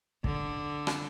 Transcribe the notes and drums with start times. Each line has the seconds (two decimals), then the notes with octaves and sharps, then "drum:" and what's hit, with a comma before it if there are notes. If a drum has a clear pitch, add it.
0.24 D3, drum: kick
0.87 drum: rim click